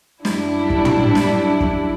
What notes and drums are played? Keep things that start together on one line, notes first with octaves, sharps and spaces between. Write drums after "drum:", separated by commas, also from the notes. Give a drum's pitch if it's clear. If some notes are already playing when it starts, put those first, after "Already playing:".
F#2 G3 D4 E4, drum: snare
drum: kick
drum: tom
drum: snare
drum: kick